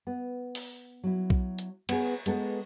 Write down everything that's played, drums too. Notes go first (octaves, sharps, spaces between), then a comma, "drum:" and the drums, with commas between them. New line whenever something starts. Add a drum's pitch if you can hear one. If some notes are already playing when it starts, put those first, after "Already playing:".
B3
drum: open hi-hat
F#3 E4
drum: kick B1
drum: hi-hat
B3 G#4, drum: cymbal
G#3 B3 A4, drum: hi-hat